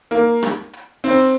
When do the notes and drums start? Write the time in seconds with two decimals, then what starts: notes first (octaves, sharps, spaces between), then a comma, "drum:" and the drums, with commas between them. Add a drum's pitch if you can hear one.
0.11 A#3, drum: hi-hat
0.43 drum: rim click
0.73 drum: hi-hat
1.04 C4, drum: open hi-hat